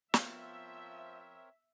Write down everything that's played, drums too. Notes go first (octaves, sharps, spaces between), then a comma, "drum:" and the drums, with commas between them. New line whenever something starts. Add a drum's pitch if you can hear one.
F3 B3 C4 A#4 C#5 E5 F5 E6, drum: snare